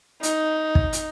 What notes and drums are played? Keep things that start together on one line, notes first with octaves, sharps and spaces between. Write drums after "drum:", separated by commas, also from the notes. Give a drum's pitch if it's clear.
D#4, drum: hi-hat
drum: kick
drum: hi-hat